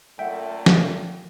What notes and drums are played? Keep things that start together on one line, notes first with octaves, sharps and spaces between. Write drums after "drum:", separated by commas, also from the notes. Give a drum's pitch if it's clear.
F#2 A#2 A3 E5 F#5 G5
drum: snare